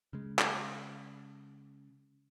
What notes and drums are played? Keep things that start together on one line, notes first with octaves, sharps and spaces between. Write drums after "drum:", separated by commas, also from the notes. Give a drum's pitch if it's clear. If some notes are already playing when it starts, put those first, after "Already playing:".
C#3 G#3
drum: clap